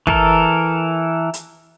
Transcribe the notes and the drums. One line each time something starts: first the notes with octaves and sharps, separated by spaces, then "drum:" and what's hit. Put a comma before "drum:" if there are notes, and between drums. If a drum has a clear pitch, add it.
E3 A4 A#4, drum: kick
drum: hi-hat